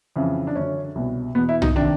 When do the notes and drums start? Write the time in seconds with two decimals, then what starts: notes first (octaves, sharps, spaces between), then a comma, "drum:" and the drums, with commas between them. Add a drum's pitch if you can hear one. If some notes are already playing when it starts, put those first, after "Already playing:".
0.16 F2 C#3 E3
0.47 D4
0.55 F#2 D3 C#4
0.95 C2 B2
1.35 E2 B2 B3
1.49 E4
1.62 D#4, drum: tom
1.76 C3 D#3 D4